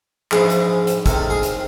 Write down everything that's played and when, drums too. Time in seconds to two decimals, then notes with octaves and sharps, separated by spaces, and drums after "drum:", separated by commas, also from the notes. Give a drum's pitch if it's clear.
0.32 A#1 G#2 E3 G#4, drum: clap
0.50 drum: hi-hat
0.87 drum: hi-hat
1.06 C#2 C3 D#3 A4, drum: kick, hi-hat
1.30 G#4
1.43 drum: hi-hat